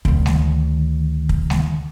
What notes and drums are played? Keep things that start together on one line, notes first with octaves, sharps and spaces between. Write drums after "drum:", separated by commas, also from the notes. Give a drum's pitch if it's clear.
D2 D#3, drum: kick
drum: snare G#3
drum: kick
drum: snare G#3